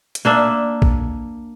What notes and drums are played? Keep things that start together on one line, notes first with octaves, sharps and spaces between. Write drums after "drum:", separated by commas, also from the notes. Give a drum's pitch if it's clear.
drum: hi-hat
A#3 D4 E5
drum: kick